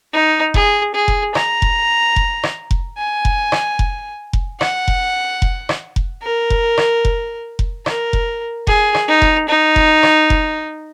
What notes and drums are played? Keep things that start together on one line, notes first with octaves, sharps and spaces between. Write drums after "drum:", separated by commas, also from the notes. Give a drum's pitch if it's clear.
D#4
G#4, drum: kick F1
G#4
drum: kick F1
A#5, drum: rim click
drum: kick F1
drum: kick F1
drum: rim click
drum: kick F1
G#5
drum: kick F1
drum: rim click
drum: kick F1
drum: kick F1
F#5, drum: rim click
drum: kick F1
drum: kick F1
drum: rim click
drum: kick F1
A#4
drum: kick F1
drum: rim click
drum: kick F1
drum: kick F1
A#4, drum: rim click
drum: kick F1
G#4, drum: kick F1
drum: rim click
D#4
drum: kick F1
D#4
drum: kick F1
drum: rim click
drum: kick F1